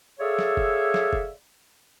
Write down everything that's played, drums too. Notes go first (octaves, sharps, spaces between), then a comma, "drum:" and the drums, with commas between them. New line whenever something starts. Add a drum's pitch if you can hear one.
G#4 A4 C#5 D5 E5 F5
drum: snare
drum: kick
drum: snare
drum: kick